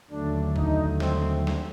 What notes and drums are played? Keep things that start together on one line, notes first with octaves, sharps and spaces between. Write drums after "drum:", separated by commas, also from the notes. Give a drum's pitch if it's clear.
D#2 D3 F#3 A3 D4
D#4, drum: kick
C4, drum: snare
drum: snare